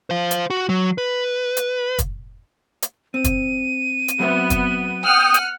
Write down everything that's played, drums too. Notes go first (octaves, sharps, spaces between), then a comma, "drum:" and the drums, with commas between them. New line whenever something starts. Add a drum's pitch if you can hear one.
C5 F5
drum: hi-hat
F#4
F#3
B4
drum: hi-hat
drum: kick, hi-hat
drum: hi-hat
C4 D#7
drum: kick, hi-hat
drum: hi-hat
F#3 B3 C4 E5
drum: kick, hi-hat
F#5 G5 D#6 F6 F#6
drum: hi-hat